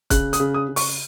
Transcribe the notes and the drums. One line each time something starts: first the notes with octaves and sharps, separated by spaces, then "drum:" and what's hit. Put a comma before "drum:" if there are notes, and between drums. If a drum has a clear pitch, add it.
C#3 F#6, drum: kick, hi-hat
D#6, drum: hi-hat
C#3
D#6
C#3
C#6, drum: open hi-hat